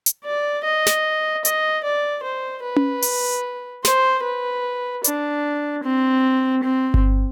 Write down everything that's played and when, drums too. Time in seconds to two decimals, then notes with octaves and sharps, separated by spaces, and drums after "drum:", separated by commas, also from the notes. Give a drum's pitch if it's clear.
0.06 drum: hi-hat
0.25 D5
0.64 D#5
0.86 drum: snare
1.45 D#5, drum: hi-hat
1.84 D5
2.23 C5
2.63 B4
2.76 drum: tom C#4
3.02 drum: open hi-hat
3.85 C5, drum: snare
4.23 B4
5.04 D4, drum: hi-hat
5.83 C4
6.63 C4
6.94 drum: kick G1